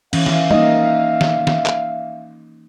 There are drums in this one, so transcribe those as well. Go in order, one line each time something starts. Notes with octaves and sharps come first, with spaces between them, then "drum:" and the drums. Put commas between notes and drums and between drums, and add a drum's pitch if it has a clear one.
E3 C#4 E5 F5, drum: cymbal
drum: snare
A#3 D#4 D#5, drum: tom G3
drum: snare
drum: snare
drum: clap